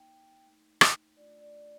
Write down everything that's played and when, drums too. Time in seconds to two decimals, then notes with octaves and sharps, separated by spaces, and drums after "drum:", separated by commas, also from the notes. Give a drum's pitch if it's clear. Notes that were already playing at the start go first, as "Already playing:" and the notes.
Already playing: A#3 D#4 G5
0.45 A3 D#4
0.81 drum: rim click
1.17 A3 D4 F4 D5
1.41 D5
1.56 D5